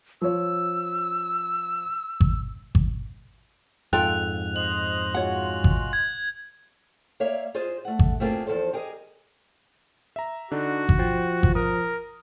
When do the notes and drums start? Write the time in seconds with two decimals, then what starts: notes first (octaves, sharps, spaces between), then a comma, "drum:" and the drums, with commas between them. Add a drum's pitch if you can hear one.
0.22 F3 C#5 E6
2.21 drum: kick G#1
2.75 drum: kick G#1
3.93 F2 G#2 F4 A4 G5 F#6 F7
4.56 C5 D#5 F#7
5.15 G#3 F4 F#4 C#5 F#5
5.64 drum: kick G#1
5.93 G#6
7.20 A#3 C#5 D5 E5 F5
7.55 F4 G#4 C5 D#5
7.85 A3 F#5
7.99 drum: kick G#1
8.20 A3 A#3 C4 F4 G#4
8.47 E2 C3 F3 A4 C5
8.73 G4 G#4 A#4 D#5
10.16 E5 A#5
10.51 D3 D4 D#4 F#4
10.89 drum: kick G#1
10.99 F3 C5 G5 A6
11.43 drum: kick G#1
11.55 A#4 D#6